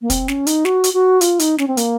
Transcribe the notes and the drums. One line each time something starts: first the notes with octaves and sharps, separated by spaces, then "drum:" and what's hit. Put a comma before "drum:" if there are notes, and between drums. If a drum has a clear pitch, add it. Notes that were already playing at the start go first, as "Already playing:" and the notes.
A#3
C4, drum: kick, hi-hat
C#4, drum: snare
D#4, drum: hi-hat
F#4, drum: snare
drum: hi-hat
F#4
F4, drum: hi-hat
D#4, drum: hi-hat
C#4, drum: snare
C4
A#3, drum: hi-hat